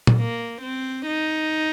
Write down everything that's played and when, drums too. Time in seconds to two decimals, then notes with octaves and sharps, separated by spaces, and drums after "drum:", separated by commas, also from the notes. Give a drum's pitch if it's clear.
0.07 drum: tom A#2
0.17 A#3
0.62 C4
1.06 D#4